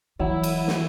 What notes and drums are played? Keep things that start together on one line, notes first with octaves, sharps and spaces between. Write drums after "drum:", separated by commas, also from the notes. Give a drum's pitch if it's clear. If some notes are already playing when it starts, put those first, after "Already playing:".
E3 F#3 E4
drum: cymbal
drum: snare